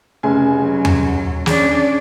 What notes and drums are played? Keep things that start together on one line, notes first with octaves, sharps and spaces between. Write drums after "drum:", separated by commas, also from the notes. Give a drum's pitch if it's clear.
F1 C#3 G#5
F#3
drum: tom E2
C#4 D4 G#4, drum: snare